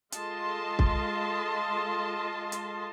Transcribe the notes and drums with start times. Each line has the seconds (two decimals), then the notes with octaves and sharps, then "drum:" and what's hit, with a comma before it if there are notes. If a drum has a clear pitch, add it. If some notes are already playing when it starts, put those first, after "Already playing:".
0.12 G#3 F4 A4 D#5 A5 C6, drum: hi-hat
0.79 drum: kick
2.52 drum: hi-hat